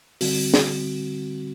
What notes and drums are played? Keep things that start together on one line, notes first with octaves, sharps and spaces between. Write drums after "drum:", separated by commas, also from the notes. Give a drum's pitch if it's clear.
D3 G3 C4 F#4, drum: open hi-hat
drum: snare